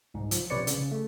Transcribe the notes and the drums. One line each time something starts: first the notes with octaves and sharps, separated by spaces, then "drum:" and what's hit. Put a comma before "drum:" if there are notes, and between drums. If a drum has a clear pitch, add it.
C2 G#2
F3, drum: hi-hat
A#1 C3 B4 C#5 D5 C#7
C#3, drum: hi-hat
A3